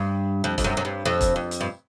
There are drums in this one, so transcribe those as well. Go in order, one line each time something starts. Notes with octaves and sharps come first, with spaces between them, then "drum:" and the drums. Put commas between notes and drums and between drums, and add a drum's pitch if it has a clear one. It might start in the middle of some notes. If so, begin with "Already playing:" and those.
Already playing: G2
F2
F2, drum: kick E1, hi-hat
F#2
F#2
G2
F2
drum: kick E1, hi-hat
F2
drum: hi-hat
G2